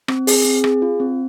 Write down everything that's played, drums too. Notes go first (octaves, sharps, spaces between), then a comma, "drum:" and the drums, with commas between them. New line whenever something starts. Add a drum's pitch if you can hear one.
C4, drum: rim click
G#4, drum: open hi-hat
C4
G#4, drum: rim click
F4
C4